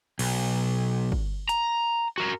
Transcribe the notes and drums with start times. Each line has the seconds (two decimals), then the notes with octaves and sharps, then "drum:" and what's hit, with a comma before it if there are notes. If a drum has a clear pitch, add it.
0.19 B1, drum: cymbal
1.12 drum: kick
1.49 A#5, drum: hi-hat
2.18 F#4 A#4